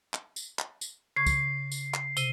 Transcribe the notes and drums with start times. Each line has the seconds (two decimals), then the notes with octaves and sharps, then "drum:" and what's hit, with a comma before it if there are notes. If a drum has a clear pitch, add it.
0.14 drum: clap
0.36 drum: tambourine
0.59 drum: clap
0.81 drum: tambourine
1.16 C#3 C#6 G#6 C7
1.26 drum: kick, tambourine
1.72 drum: tambourine
1.94 drum: clap
2.17 C3 D#7 G7, drum: tambourine